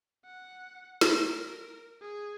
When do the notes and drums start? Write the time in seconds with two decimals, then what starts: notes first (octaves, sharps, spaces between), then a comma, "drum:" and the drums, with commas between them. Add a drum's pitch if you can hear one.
0.25 F#5
1.01 drum: snare
1.14 A#4
2.01 G#4